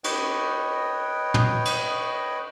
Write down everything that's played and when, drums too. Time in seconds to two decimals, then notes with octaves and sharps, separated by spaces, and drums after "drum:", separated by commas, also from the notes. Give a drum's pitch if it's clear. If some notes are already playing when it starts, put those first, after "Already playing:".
0.04 B4 C#5 D#5 G5, drum: cymbal
1.34 drum: tom
1.65 drum: cymbal